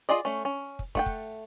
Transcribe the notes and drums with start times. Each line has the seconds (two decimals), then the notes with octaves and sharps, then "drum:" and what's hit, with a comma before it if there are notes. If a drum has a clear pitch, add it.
0.09 F4 G#4 D5 D#5
0.25 A3 C#4
0.45 C#4
0.79 drum: kick
0.95 A3 F#5 G5, drum: kick
1.06 drum: kick